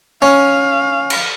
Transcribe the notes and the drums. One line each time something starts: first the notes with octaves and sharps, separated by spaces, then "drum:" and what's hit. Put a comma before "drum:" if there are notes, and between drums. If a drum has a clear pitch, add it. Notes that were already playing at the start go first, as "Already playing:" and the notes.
C#4 F5
drum: cymbal